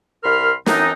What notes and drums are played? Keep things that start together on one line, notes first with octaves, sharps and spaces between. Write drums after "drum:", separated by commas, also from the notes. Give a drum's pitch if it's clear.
C2 A#4 B5 C6 F6
F#2 E3 C4 D4 D#4, drum: snare